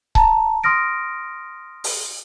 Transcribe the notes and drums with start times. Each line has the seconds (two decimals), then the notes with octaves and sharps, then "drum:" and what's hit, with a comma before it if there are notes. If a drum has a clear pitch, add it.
0.15 A5 A#5, drum: kick C#1
0.64 C6 D#6 F6 A#6 D7
1.84 drum: open hi-hat